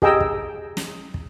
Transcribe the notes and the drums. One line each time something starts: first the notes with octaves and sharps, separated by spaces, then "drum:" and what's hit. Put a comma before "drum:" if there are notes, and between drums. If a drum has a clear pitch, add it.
G4 G#4 D#5 G5 A#5 E6, drum: kick
drum: kick
drum: snare
drum: kick